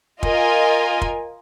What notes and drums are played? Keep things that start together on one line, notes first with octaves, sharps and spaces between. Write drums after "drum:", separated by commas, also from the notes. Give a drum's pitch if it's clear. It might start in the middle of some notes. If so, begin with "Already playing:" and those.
F4 A#4 D#5 G#5, drum: kick
drum: kick